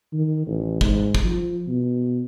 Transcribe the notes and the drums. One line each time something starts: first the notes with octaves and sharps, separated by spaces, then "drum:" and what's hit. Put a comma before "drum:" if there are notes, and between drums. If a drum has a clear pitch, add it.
D#3
A1
G#2, drum: kick
drum: kick
F3
B2